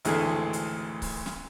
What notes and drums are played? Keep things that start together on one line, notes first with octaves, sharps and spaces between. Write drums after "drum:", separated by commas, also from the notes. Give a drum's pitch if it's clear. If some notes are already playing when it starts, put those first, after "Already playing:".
G#1 D2 E3 A3 G#4, drum: hi-hat
drum: hi-hat
drum: kick C#1, open hi-hat
drum: snare